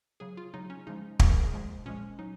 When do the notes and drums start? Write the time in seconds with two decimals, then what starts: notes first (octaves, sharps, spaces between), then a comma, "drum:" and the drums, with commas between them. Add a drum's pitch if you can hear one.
0.20 C#3 F#3 G#4
0.37 F4
0.54 C#3 F#3 D#4
0.70 C#4
0.87 C#3 F3 G#3 D#4
1.20 C#3 F3 G#3 G#4, drum: kick
1.30 A#4
1.40 G#4
1.53 A#2 F3 G#3
1.86 A#2 F3 G#3 C#4
2.19 F#3 D#4